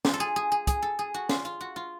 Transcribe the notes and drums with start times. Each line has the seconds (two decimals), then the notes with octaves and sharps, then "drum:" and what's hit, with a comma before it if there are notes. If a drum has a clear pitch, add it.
0.05 F4, drum: snare
0.14 A4
0.20 G#4
0.36 G#4
0.52 G#4
0.67 G#4, drum: kick, hi-hat
0.82 A4
0.99 G#4
1.14 F#4
1.29 F4, drum: snare
1.45 F4
1.61 F#4
1.76 F4